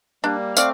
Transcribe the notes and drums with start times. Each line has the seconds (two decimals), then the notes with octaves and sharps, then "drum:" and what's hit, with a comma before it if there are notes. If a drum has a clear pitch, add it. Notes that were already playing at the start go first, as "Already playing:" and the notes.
0.24 G3 A#3 D4
0.57 A3 C4 D5 F5, drum: tambourine